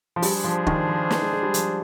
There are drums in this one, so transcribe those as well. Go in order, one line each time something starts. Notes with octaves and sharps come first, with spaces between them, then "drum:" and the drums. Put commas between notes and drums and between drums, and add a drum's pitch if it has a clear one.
F3
G3 D4 G#4 C5, drum: open hi-hat
F3
D#3, drum: kick
F3
drum: snare
G#3
G#3
G3
F3, drum: hi-hat